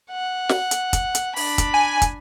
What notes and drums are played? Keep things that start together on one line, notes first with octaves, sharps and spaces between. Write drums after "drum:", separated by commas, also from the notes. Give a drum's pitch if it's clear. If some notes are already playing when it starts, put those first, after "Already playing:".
F#5
drum: snare
drum: hi-hat
drum: kick, hi-hat
drum: hi-hat
D4 B5, drum: open hi-hat
drum: kick, hi-hat
G#5
drum: kick, hi-hat